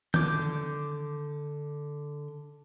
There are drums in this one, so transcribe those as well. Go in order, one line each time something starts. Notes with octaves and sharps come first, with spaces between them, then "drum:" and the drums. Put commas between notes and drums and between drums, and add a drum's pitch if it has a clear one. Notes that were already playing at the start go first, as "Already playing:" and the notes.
D3 D6 G6, drum: tom D#3